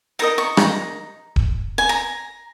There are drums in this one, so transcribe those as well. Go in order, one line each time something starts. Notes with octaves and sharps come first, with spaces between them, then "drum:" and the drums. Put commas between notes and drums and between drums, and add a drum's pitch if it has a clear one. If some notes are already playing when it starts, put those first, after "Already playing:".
D#4 A#4 D#5 A#5
C#6
A#5, drum: rim click
drum: kick D#1
G#5
A#5